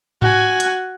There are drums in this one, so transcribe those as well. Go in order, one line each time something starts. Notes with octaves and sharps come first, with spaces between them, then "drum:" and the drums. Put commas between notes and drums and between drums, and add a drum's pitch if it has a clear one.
F#4 G#5, drum: tom G#2
drum: hi-hat